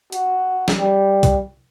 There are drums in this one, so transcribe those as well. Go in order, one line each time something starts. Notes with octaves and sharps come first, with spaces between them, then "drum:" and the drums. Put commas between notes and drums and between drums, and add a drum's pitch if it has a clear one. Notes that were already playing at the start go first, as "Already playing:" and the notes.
F#4, drum: hi-hat
drum: snare
G3
drum: kick C2, hi-hat